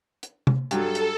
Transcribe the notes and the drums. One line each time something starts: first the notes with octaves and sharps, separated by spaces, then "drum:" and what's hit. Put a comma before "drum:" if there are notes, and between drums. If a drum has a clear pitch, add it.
drum: hi-hat
drum: tom C3
G2 F#3 A4, drum: hi-hat
drum: hi-hat